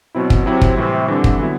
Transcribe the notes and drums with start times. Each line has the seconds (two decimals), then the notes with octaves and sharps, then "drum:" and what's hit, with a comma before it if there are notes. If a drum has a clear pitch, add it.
0.15 B2 F#3 C4 E4
0.30 drum: kick
0.46 C3 F#3 C4 E4
0.61 drum: kick
0.77 A2 C3 E3 G3
1.08 D3 E3 G3 C4
1.24 drum: kick
1.39 D3 F#3 B3 E4